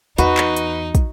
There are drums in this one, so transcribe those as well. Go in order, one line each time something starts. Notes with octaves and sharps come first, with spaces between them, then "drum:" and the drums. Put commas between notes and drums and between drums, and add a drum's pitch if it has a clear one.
E2 D#4 F#4 B4, drum: hi-hat
drum: clap
drum: hi-hat
drum: kick, hi-hat